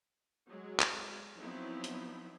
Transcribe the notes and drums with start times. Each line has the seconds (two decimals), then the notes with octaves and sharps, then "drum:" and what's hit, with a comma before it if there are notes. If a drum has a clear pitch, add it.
0.47 F#3 G#3
0.79 drum: clap
1.38 F3 F#3 B3 C4 D#4 E4
1.84 drum: hi-hat